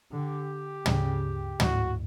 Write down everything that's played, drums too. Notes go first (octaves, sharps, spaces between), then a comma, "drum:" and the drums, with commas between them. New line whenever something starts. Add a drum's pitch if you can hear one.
D3 G4
C#3, drum: tom
A2 F#4, drum: tom